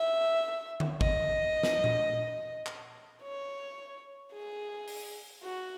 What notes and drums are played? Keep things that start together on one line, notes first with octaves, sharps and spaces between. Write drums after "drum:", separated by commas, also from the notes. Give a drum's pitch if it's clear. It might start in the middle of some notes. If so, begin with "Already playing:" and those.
Already playing: E5
drum: tom D3
D#5, drum: kick G#1
drum: snare
drum: tom A#2
drum: clap
C#5
G#4
drum: open hi-hat
F#4